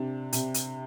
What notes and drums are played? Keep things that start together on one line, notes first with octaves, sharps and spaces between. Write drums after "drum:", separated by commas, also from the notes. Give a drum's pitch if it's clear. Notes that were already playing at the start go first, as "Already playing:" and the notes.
Already playing: C3 D4
C3, drum: hi-hat
drum: hi-hat